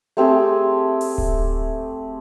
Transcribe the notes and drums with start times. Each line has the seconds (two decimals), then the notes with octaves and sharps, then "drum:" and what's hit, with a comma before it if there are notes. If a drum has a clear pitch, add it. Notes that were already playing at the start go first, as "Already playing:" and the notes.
0.17 A3 C4 G4 G#4
1.01 drum: open hi-hat
1.18 drum: kick D1